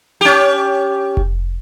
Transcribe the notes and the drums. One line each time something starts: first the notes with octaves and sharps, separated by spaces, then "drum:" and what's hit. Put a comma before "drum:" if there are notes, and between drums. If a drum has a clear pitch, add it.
C#4 G4
drum: kick F1